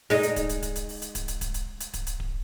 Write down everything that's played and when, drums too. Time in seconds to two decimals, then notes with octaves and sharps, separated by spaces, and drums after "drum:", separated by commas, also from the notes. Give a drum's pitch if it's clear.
0.10 G#3 D#4, drum: open hi-hat
0.23 drum: hi-hat
0.36 drum: kick D1, hi-hat
0.49 drum: hi-hat
0.63 drum: kick D1, hi-hat
0.76 drum: hi-hat
0.89 drum: open hi-hat
1.02 drum: hi-hat
1.15 drum: kick D1, hi-hat
1.28 drum: hi-hat
1.41 drum: kick D1, hi-hat
1.54 drum: hi-hat
1.81 drum: hi-hat
1.94 drum: kick D1, hi-hat
2.07 drum: hi-hat
2.20 drum: kick D1